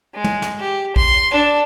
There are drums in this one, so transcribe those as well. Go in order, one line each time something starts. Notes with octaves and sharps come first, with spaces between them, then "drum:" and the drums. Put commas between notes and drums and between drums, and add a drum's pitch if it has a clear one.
G#3
drum: tom
drum: snare
G4
C6, drum: kick A#1
D4 A4